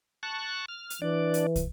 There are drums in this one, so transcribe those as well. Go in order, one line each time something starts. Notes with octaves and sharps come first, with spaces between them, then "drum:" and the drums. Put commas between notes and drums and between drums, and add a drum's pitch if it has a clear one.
A5 C#6 F#6
F6
drum: hi-hat
E3 D4 D5
drum: hi-hat
drum: kick, hi-hat